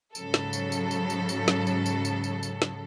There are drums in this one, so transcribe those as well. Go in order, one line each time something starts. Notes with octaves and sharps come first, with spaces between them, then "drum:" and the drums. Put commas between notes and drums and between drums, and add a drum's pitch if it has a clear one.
G#2 C#3 F#3 A4, drum: tambourine
drum: snare
drum: tambourine
drum: tambourine
drum: tambourine
drum: tambourine
drum: tambourine
drum: snare
drum: tambourine
drum: tambourine
drum: tambourine
drum: tambourine
drum: tambourine
drum: snare